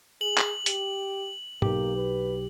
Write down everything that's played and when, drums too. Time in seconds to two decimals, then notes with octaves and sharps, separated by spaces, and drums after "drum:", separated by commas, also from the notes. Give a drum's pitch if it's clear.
0.21 G#4 F#7
0.38 drum: clap
0.66 G4, drum: hi-hat
1.62 B1 A#3 G4, drum: tom
1.95 B4